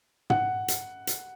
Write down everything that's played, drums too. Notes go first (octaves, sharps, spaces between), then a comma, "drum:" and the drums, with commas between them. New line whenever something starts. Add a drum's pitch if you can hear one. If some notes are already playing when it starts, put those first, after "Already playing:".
F#5, drum: tom
drum: hi-hat
drum: hi-hat